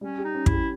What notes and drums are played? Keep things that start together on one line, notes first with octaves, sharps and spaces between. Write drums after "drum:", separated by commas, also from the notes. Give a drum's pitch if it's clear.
G3 C#4
G4
D#4
C#4
E4, drum: kick
G4